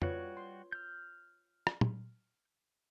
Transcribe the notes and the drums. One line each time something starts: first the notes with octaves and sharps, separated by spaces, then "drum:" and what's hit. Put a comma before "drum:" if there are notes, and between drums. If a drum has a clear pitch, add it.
G3 F4 F#4 B4 C#5, drum: tom
C6
F6 G6
drum: rim click
drum: tom